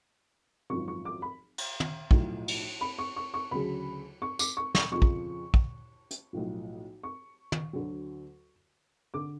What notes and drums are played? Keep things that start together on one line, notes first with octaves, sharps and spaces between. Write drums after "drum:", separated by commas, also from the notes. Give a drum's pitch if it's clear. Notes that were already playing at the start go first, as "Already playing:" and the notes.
G#1 F#2 F3 C#6
C#6
D6
B5
drum: cymbal
drum: tom
B1 A2 F3, drum: kick
drum: cymbal
B5
C#6
C#6
C#6
D2 C#3 F#3 B5
C#6
D6, drum: tambourine
C#6
C#6, drum: snare
F2 C#3 F3 C#6
drum: kick
drum: kick
drum: hi-hat
B1 A2 F3
C#6
drum: tom
D2 D3 F#3
D3 D6